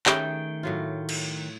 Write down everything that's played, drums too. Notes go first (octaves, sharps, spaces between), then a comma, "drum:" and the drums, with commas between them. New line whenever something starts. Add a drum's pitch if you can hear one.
D#3 A3 C#4 G4 G#4 G5 A#5, drum: clap
A2 F#3 F4
drum: cymbal